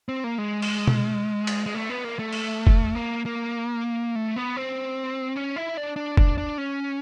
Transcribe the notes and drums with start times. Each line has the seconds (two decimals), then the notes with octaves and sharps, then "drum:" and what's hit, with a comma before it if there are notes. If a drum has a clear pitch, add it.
0.09 C4
0.24 A#3
0.38 G#3
0.62 drum: cymbal
0.87 drum: tom B2
1.47 drum: cymbal
1.66 G#3
1.75 A3
1.89 B3
2.04 A#3
2.19 A3
2.32 drum: cymbal
2.67 drum: kick
2.95 A#3
3.26 A#3
4.15 A3
4.36 B3
4.56 C4
5.36 C#4
5.56 E4
5.77 D4
5.96 D4
6.17 D4, drum: kick
6.38 D4
6.58 C#4